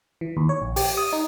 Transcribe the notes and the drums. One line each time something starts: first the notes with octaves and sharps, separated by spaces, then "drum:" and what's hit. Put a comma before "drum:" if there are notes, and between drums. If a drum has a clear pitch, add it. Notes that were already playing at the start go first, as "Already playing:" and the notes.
E3
D#2
C#5
A#1
G4, drum: open hi-hat
D#6
D#4